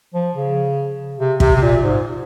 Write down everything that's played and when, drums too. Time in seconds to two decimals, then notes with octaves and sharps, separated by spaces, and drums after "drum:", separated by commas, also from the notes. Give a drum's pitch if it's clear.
0.14 F3
0.34 C#3
1.19 C3
1.40 C3, drum: kick
1.56 C3
1.62 A#2
1.83 G#2